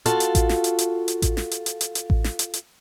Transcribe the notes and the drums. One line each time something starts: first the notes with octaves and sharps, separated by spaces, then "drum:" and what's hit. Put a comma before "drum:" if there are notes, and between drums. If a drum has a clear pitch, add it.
F4 F#4 A4 F5, drum: hi-hat
drum: hi-hat
drum: kick A1, hi-hat
drum: snare
drum: hi-hat
drum: hi-hat
drum: hi-hat
drum: kick A1, hi-hat
drum: snare
drum: hi-hat
drum: hi-hat
drum: hi-hat
drum: hi-hat
drum: kick A1
drum: snare
drum: hi-hat
drum: hi-hat